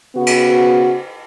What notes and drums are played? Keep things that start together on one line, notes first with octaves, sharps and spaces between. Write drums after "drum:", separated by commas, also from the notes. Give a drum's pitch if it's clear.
C#3 B3 F#4
drum: cymbal